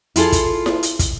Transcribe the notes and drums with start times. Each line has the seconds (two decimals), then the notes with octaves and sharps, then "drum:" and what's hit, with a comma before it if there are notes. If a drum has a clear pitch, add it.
0.16 E4 F4 G#4 A4, drum: hi-hat
0.32 drum: kick, hi-hat
0.66 drum: snare E4
0.83 drum: hi-hat
0.99 drum: kick, hi-hat